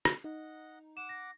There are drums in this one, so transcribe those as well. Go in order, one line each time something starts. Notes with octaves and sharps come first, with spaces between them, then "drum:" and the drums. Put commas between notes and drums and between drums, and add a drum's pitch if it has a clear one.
drum: rim click
D#4 D#5 F#5
F#5 D6 E7
A#6